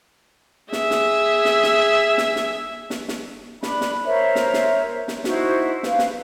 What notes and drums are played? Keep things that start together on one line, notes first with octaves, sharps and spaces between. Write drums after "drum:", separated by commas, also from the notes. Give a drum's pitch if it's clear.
G#4 E5, drum: snare
drum: snare
drum: snare
drum: snare
drum: snare
drum: snare
drum: snare
drum: snare
D4 B5, drum: snare
drum: snare
A#4 C5 C#5 E5
drum: snare
drum: snare
drum: snare
D#4 E4 F#4 C5, drum: snare
B4 F5, drum: snare
drum: snare